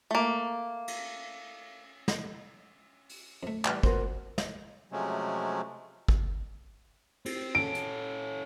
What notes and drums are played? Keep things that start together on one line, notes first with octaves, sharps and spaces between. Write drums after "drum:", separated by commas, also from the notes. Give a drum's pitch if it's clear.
A3 A#3
drum: cymbal
drum: snare
drum: open hi-hat
F2 A3
E3 G3, drum: clap
B3 F#4 A#4 C5, drum: kick
drum: snare
C3 F3 F#3 G#3 A3 C#4
drum: kick
C4, drum: cymbal
C#4 A4 D7
drum: hi-hat